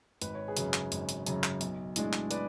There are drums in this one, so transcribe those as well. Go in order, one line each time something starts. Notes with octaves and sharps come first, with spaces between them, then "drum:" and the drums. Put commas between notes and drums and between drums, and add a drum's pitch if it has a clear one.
G#1 B4, drum: hi-hat
C#5
G#4 B4
F#2 C#3, drum: hi-hat
drum: clap
G#1, drum: hi-hat
drum: hi-hat
F#2 C#3, drum: hi-hat
drum: clap
B1, drum: hi-hat
A2 G#3 D4, drum: hi-hat
drum: clap
B4 D5, drum: hi-hat